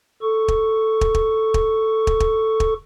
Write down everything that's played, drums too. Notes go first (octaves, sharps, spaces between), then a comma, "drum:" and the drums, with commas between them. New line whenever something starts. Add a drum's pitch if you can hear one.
A4 C#6
drum: kick
drum: kick
drum: kick
drum: kick
drum: kick
drum: kick
drum: kick